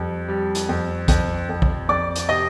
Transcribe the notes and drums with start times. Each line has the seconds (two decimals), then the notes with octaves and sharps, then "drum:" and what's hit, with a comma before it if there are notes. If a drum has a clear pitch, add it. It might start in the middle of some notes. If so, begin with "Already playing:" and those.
Already playing: F2 G3
0.28 G3
0.55 drum: hi-hat
0.69 F2
1.08 F2, drum: kick, hi-hat
1.49 F2
1.62 drum: kick
1.88 F2 D5 D6
2.16 drum: hi-hat
2.29 C3 D#5 D#6